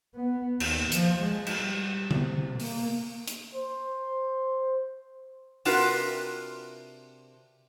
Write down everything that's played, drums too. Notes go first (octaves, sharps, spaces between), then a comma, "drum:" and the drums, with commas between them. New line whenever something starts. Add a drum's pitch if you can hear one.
B3
D#2, drum: cymbal
F3, drum: hi-hat
G#3
drum: cymbal
G3
C3, drum: tom D3
A#3, drum: open hi-hat
drum: hi-hat
C5
C3 D4 F4 F#4 A#4 B4, drum: open hi-hat